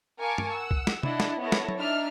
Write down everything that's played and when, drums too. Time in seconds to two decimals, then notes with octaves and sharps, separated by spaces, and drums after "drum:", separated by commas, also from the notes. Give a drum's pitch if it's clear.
0.20 A#4 F5 G#5 A5 C#6 D6
0.38 drum: tom
0.51 F#5 E6
0.71 drum: kick C#2
0.87 drum: snare
1.03 D4 E4 D#5 F#5, drum: tom C3
1.20 drum: snare
1.40 B3 E4 A4 C#5 A#6
1.52 drum: snare
1.69 drum: tom F#3
1.78 D4 D#4 E5 F6